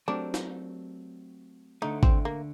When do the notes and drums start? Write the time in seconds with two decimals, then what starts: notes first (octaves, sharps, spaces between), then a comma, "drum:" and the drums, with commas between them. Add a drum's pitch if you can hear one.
0.08 F#3 A3 C4 D4 G4 A#4
0.34 drum: snare
1.82 D2 D3 A3 D#4
2.03 C4, drum: kick G#1
2.25 A#3